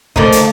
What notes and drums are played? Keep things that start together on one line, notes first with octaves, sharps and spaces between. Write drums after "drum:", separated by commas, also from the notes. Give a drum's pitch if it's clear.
D3 F3 A3 A#3 D#4, drum: kick
drum: hi-hat